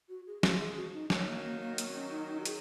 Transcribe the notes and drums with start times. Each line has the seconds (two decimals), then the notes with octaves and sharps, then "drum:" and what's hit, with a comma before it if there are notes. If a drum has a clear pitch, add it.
0.09 F#4
0.27 G#4
0.43 F3 G#3 F#4, drum: snare
0.60 G#4
0.77 F#4
0.94 D#4
1.10 D#3 F#3 C#4, drum: snare
1.27 A#3
1.45 A#3
1.61 A#3
1.78 A#3, drum: hi-hat
1.88 C4
1.94 C#4
2.11 D#4
2.28 D#4
2.40 F#4
2.45 G#4, drum: hi-hat